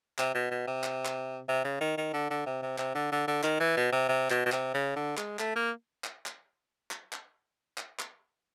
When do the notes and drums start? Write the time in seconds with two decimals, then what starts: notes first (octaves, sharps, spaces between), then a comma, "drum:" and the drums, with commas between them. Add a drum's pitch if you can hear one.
0.18 C3, drum: clap
0.34 B2
0.51 B2
0.67 C3
0.84 drum: clap
1.05 drum: clap
1.48 C3
1.64 C#3
1.81 D#3
1.97 D#3
2.13 D3
2.30 D3
2.46 C3
2.62 C3
2.78 C3, drum: clap
2.95 D3
3.12 D3
3.27 D3
3.43 D#3, drum: clap
3.60 E3
3.77 B2
3.92 C3
4.08 C3
4.30 B2, drum: clap
4.46 B2
4.52 C3, drum: clap
4.74 C#3
4.96 D3
5.17 G#3, drum: clap
5.39 A3, drum: clap
5.56 A#3
6.04 drum: clap
6.26 drum: clap
6.91 drum: clap
7.13 drum: clap
7.78 drum: clap
7.99 drum: clap